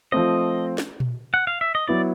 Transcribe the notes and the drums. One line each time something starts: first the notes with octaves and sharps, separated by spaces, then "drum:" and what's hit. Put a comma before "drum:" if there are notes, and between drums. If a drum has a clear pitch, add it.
F3 A3 C4 D#5
drum: snare
drum: tom A#2
F#5
F5
E5
D#5
F#3 B3 E4 D5